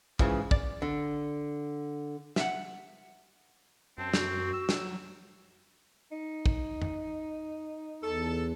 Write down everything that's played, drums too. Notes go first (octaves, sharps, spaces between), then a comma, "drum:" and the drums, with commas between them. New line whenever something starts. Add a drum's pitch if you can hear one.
G#2 C#3 E3 F3, drum: kick
D5, drum: kick
D3
E5 F#5, drum: snare
F#2 C4 A5
F#4, drum: snare
E6
F#3, drum: snare
D#4
drum: kick
drum: tom F2
E2 A4